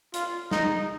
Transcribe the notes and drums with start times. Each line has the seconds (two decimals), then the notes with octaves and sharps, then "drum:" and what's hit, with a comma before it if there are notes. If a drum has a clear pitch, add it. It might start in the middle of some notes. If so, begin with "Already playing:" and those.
0.14 F4, drum: hi-hat
0.51 D#4, drum: snare